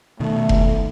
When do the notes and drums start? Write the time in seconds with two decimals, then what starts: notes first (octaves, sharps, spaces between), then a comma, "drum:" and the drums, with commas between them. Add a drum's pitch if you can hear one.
0.20 B2 D#3 A3
0.49 drum: kick F1